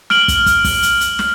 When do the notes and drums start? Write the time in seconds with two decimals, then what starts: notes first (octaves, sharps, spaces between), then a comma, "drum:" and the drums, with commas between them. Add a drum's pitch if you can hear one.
0.10 F6 D7 F#7, drum: snare
0.28 drum: kick, hi-hat
0.46 drum: kick, hi-hat
0.64 drum: kick, open hi-hat
0.83 drum: hi-hat
1.01 drum: hi-hat
1.19 drum: snare